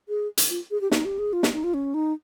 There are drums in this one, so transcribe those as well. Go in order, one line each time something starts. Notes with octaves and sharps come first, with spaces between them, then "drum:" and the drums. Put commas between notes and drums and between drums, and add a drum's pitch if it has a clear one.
G#4
drum: hi-hat
F4
G#4
G4
D#4, drum: snare
G4
G#4
F4
D#4, drum: snare
D#4
F4
C#4
D#4